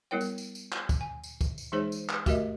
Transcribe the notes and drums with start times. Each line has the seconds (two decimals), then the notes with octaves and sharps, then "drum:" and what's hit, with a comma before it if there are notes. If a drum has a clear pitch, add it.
0.11 G3 B3 E4 A#4 C#5 G5
0.21 drum: tambourine
0.38 drum: tambourine
0.55 drum: tambourine
0.72 drum: clap
0.89 drum: kick, tambourine
1.01 G#5
1.24 drum: tambourine
1.41 drum: kick, tambourine
1.58 drum: tambourine
1.72 E3 G#3 D#4 G#4 C5 C#5
1.92 drum: tambourine
2.09 drum: clap
2.26 A3 F#4 G4 A#4 D#5 E5, drum: kick, tambourine